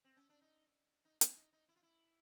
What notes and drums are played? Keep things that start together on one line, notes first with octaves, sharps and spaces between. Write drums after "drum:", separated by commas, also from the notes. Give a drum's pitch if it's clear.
C4
C#4
D4
D#4
D#4
E4, drum: hi-hat
D#4
D#4
E4
F4
E4